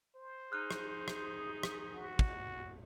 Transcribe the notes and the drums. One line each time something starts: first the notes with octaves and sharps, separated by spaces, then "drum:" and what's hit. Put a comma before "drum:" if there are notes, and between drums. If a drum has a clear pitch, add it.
C5
D#4 G#4 F6 F#6
drum: rim click
drum: rim click
drum: rim click
F#4
drum: kick